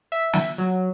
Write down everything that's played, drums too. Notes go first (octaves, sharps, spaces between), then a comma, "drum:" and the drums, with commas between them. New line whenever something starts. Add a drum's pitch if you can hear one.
E5
drum: snare
F#3